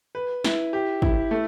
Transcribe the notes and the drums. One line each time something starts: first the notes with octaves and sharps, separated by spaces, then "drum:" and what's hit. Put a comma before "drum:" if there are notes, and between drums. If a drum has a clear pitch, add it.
B4
E4, drum: snare
G4
E4, drum: kick
A3